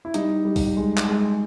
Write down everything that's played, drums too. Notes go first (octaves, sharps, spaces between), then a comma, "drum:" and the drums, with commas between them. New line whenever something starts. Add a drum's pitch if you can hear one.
E4
G3 D#4, drum: hi-hat
G3
drum: kick, open hi-hat
G#3
drum: clap
G#3